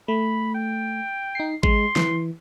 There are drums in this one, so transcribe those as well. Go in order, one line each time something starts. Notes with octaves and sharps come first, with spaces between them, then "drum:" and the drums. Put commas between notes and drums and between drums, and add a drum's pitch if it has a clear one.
A3 B5
G5
D#4 C7
G#3 C6, drum: kick G#1
E3, drum: snare